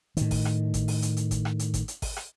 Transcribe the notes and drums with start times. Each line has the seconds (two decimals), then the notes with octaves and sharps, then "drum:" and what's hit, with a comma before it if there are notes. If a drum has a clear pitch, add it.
0.17 A2 D#3, drum: hi-hat
0.31 drum: kick G#1, open hi-hat
0.45 drum: rim click
0.74 drum: kick G#1, hi-hat
0.88 drum: open hi-hat
1.02 drum: hi-hat
1.17 drum: hi-hat
1.31 drum: kick G#1, hi-hat
1.45 drum: rim click
1.59 drum: hi-hat
1.74 drum: kick G#1, hi-hat
1.88 drum: hi-hat
2.02 drum: kick G#1, open hi-hat
2.16 drum: rim click